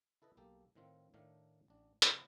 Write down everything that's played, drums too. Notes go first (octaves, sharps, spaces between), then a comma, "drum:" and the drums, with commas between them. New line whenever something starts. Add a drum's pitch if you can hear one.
E4 A4 B4 D#5
B1 A#3 G4 A4
A2 D#3 C4 F4
A2 D#3 A3 D4 F5
A1 D4
C3 F3 G3, drum: hi-hat